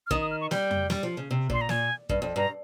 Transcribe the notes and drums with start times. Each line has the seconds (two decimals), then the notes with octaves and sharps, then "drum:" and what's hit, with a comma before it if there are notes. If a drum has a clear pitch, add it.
0.07 F6
0.11 D#3 D#6, drum: kick
0.21 D#6
0.31 F6
0.41 C#6
0.51 G3 G5, drum: snare
0.71 drum: tom F2
0.90 G3, drum: snare
1.03 F3
1.17 C#3
1.31 C3
1.50 A#2 C6, drum: kick
1.61 A#5
1.69 A#2 G#5, drum: snare
2.09 G2, drum: kick
2.22 F2
2.36 G2 A#5